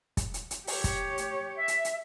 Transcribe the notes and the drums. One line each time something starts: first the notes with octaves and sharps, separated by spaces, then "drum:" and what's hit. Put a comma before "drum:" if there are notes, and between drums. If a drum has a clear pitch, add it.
drum: kick, hi-hat
drum: hi-hat
drum: hi-hat
G4 C#5, drum: open hi-hat
drum: kick, hi-hat
drum: hi-hat
E5
drum: hi-hat
drum: hi-hat